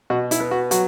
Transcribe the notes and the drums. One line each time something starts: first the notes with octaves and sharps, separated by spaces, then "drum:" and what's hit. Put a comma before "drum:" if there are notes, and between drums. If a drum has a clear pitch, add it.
B2 F#4
E4, drum: hi-hat
B3
F#4
F#3 F#4, drum: hi-hat